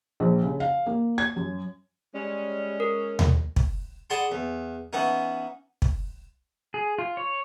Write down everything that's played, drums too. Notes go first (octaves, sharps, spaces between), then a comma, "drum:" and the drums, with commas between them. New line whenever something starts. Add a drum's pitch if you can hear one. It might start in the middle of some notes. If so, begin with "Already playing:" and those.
A#1
C#3
F5
A#3
G#6
F#2
G3 G#3 C#4
A#4
drum: tom D#2
drum: kick
G#4 D5 F#5 A5 B5 C6
E2
E3 B3 C#4 D#4
drum: kick
G#4
F4
C#5